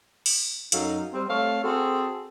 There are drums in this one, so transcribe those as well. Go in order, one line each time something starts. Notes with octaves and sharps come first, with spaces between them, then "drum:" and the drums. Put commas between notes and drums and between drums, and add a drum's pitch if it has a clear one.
drum: open hi-hat
F#2 F#3 D#4 A4 F5, drum: hi-hat
G3 C4
A3 C4 A4 C#5 F5
C4 F#4 G#4 A4